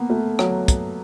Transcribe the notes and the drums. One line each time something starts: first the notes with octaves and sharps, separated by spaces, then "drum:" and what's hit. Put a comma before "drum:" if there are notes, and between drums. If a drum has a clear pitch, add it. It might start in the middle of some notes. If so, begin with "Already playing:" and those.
Already playing: A#3 B3
A3
F#3, drum: rim click
drum: kick, hi-hat